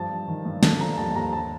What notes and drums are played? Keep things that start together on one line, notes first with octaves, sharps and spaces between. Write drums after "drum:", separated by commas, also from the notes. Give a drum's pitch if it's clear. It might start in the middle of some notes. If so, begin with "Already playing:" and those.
Already playing: G2 F3 A5
G2
D#3
G2
D3 A5, drum: snare
F3 A#5
D#2 A5
D#2 A#5
D#2 A5